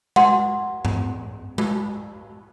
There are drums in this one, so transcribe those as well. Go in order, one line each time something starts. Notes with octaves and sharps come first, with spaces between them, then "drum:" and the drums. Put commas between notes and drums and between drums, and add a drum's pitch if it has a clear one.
F#5 C6, drum: tom G#3
drum: tom G2
drum: tom G#3